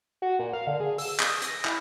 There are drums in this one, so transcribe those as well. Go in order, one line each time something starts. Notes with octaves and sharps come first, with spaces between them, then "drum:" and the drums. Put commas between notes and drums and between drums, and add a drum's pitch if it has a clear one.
F#4
A#2
F5
D3
G#4
E6, drum: open hi-hat
D#6, drum: clap
A#6, drum: hi-hat
E4, drum: clap